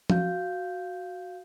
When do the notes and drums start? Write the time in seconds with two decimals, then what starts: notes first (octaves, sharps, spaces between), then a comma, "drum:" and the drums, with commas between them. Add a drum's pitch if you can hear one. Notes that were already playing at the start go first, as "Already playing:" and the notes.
0.10 F#4 F5 G6, drum: tom F3